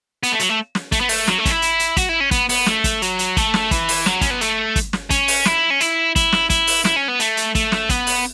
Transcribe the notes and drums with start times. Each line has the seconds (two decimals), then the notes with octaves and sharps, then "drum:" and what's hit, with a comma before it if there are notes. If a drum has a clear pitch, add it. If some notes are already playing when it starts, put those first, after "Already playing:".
0.23 B3, drum: hi-hat
0.32 A3
0.39 F#3, drum: hi-hat
0.49 A3
0.75 drum: snare
0.92 A3, drum: kick, hi-hat
1.01 B3
1.09 A3, drum: open hi-hat
1.27 F#3, drum: snare
1.38 A3
1.45 C#4, drum: kick, hi-hat
1.51 E4
1.62 drum: hi-hat
1.79 drum: hi-hat
1.97 F#4, drum: kick, hi-hat
2.09 E4
2.20 C#4
2.31 B3, drum: kick, hi-hat
2.49 B3, drum: open hi-hat
2.66 A3, drum: snare
2.84 drum: kick, hi-hat
3.02 F#3, drum: hi-hat
3.19 drum: hi-hat
3.37 A3, drum: kick, hi-hat
3.54 drum: snare
3.71 E3, drum: kick, hi-hat
3.89 drum: open hi-hat
4.06 F#3, drum: snare
4.21 C#4, drum: kick, hi-hat
4.31 B3
4.41 A3, drum: hi-hat
4.76 drum: kick, hi-hat
4.93 drum: snare
5.10 C#4, drum: kick, hi-hat
5.28 drum: open hi-hat
5.45 E4, drum: snare
5.70 C#4
5.80 E4, drum: hi-hat
6.16 E4, drum: kick, hi-hat
6.32 drum: snare
6.50 E4, drum: kick, hi-hat
6.67 drum: open hi-hat
6.85 E4, drum: snare
6.96 C#4
7.08 B3
7.20 A3, drum: hi-hat
7.37 drum: hi-hat
7.55 A3, drum: kick, hi-hat
7.72 drum: snare
7.89 B3, drum: kick, hi-hat
8.07 drum: open hi-hat